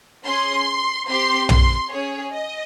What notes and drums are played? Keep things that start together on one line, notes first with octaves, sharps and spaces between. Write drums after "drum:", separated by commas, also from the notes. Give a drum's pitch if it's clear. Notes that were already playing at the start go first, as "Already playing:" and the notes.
C#4 G#4 C6
C4 G4 C6
C6, drum: tom
C#4 G#4 C#5
D#5